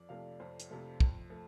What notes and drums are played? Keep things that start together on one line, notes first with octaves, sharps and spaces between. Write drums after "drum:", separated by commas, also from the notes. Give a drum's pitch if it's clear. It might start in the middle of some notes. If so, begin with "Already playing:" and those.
Already playing: F2 D5
C3 F3 A3 F5
F2 C5
drum: hi-hat
C3 F3 A3
F2, drum: kick
F3 A3